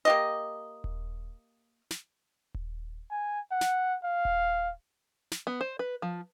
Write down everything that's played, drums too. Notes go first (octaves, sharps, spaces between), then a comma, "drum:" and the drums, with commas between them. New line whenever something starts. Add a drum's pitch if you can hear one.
A#3 G4 D#5
drum: kick D#1
drum: snare
drum: kick D#1
G#5
F#5
drum: snare
F5
drum: kick D#1
drum: snare
B3
C5
B4
F3